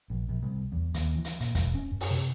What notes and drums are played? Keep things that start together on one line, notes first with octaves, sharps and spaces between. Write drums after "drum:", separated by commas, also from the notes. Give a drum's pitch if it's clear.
A#1
A#1
C2
E2
D#2, drum: hi-hat
E3
drum: hi-hat
A#2, drum: hi-hat
E1, drum: kick, hi-hat
C#4
F#2
drum: open hi-hat
C3